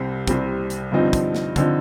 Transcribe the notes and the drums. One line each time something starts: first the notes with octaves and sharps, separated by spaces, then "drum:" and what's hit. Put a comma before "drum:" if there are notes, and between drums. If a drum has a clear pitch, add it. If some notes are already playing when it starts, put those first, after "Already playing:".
Already playing: C2 C3 G3 C4
C2 C3 G3 C4, drum: kick, hi-hat
drum: hi-hat
G2 D3 F3 C4 D#4
drum: kick, hi-hat
drum: snare
D3 F3 C4 D#4, drum: kick, hi-hat